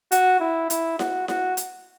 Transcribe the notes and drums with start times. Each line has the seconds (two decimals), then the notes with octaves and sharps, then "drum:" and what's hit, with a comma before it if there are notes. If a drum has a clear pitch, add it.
0.12 F#4, drum: hi-hat
0.40 E4
0.70 E4, drum: hi-hat
0.99 F#4, drum: snare E4
1.28 F#4, drum: snare E4
1.57 drum: hi-hat